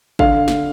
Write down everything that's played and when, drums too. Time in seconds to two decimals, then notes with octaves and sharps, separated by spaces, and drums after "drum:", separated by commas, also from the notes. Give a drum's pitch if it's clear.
0.19 D3 F5, drum: kick
0.48 drum: snare